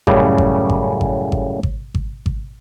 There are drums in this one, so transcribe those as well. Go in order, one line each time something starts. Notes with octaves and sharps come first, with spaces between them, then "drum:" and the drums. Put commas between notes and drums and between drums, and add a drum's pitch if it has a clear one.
F#2 A2 C#3 G3, drum: kick G#1
drum: kick G#1
drum: kick G#1
drum: kick G#1
drum: kick G#1
drum: kick G#1
drum: kick G#1
drum: kick G#1